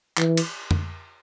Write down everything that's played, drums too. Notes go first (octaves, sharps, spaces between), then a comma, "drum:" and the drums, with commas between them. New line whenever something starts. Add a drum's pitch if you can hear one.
E3, drum: clap
drum: cymbal
drum: tom F2